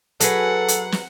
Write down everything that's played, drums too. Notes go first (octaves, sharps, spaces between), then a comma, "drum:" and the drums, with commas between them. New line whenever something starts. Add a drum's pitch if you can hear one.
F#3 G#4 A4 B4 F#5, drum: hi-hat
drum: hi-hat
drum: snare